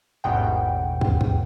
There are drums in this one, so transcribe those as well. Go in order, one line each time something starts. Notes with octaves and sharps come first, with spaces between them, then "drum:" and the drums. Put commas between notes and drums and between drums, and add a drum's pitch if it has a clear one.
A1 E2 G#2 B2 F#5 G5
drum: kick
drum: kick